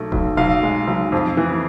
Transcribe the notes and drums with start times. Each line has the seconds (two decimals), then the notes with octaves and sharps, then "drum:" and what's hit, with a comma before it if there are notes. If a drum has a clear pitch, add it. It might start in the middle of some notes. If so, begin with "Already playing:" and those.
Already playing: B1 A3
0.12 B1, drum: kick D#1
0.37 B1 F5
0.63 G#3
0.88 B1
1.12 F2
1.37 E3